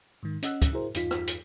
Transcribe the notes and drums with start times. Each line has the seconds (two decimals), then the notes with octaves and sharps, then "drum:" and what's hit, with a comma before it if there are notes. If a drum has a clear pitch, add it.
0.23 G#2 D#3
0.43 C#4 D#5 F#5 E6 F#6, drum: hi-hat
0.62 drum: kick, hi-hat
0.73 E4 F#4 G#4 A#4 C5
0.94 E2 G2 D#4 F4 B6, drum: hi-hat
1.11 drum: rim click
1.27 drum: hi-hat